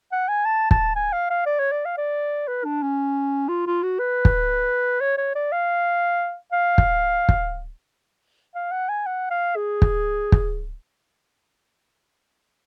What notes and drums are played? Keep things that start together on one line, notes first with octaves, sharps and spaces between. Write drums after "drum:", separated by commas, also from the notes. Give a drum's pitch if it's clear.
F#5
G#5
A5
A5, drum: kick
G#5
F5
F5
D5
C#5
D5
F5
D5
B4
D4
C#4
F4
F4
F#4
B4
drum: kick
C#5
C#5
D5
F5
F5
drum: kick
drum: kick
F5
F#5
G#5
F#5
F5
G#4
drum: kick
drum: kick